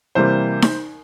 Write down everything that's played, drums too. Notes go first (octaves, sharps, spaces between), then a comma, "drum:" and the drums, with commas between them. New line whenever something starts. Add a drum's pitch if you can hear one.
C3 E3 G3 A#3 C5
drum: snare D#4